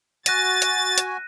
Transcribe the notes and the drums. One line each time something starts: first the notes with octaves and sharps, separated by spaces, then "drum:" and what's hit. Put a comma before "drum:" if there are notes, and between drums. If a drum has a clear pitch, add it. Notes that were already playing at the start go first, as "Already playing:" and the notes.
F#4 G#5 F#6 A6 A#6 D#7, drum: hi-hat
drum: hi-hat
drum: hi-hat